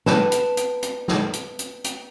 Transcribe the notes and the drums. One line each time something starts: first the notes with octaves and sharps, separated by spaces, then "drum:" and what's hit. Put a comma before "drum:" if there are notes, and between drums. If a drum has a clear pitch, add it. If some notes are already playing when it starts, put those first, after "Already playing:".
B4 A5, drum: snare
drum: hi-hat
drum: hi-hat
drum: hi-hat
drum: snare
drum: hi-hat
drum: hi-hat
drum: hi-hat